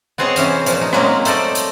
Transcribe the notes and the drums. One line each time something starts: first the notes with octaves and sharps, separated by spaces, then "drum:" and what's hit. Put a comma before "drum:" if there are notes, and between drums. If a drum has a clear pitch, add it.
B3 C4 G#4 C5 C#5 D#5
C3 E3 C#4 C5, drum: hi-hat
A#2 F3, drum: hi-hat
D#4
F#3 G#3 A#3 C4 C#4, drum: rim click
A3 A4 C5 D5 D#5, drum: hi-hat
drum: hi-hat